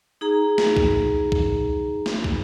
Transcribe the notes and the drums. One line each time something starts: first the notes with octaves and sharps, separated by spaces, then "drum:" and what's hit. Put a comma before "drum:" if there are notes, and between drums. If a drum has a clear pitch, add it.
D#4 G#4 A#5
drum: snare
drum: kick
drum: kick
drum: snare
drum: kick